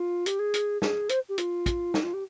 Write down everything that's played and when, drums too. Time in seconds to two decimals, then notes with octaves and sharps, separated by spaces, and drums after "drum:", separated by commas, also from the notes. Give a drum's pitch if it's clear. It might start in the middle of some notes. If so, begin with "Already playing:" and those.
Already playing: F4
0.26 G4, drum: hi-hat
0.39 G#4
0.54 drum: hi-hat
0.82 G#4, drum: snare
1.09 C5, drum: hi-hat
1.29 G4
1.38 F4, drum: hi-hat
1.66 drum: kick, hi-hat
1.94 D#4, drum: snare
2.03 F4
2.13 G4